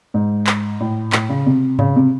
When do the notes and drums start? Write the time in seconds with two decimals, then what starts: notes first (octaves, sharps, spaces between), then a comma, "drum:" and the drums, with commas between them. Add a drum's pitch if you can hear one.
0.14 G#2
0.47 drum: clap
0.80 A2
1.12 A2, drum: clap
1.29 C#3
1.46 C3
1.79 C#3, drum: tom G#2
1.96 C3